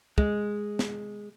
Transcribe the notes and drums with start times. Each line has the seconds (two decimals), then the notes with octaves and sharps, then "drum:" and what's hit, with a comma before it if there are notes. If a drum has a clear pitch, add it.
0.18 G#3, drum: kick
0.79 drum: snare